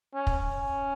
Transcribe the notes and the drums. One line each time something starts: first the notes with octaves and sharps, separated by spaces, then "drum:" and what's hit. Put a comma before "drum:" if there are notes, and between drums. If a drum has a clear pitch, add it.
C#4
drum: kick
C#4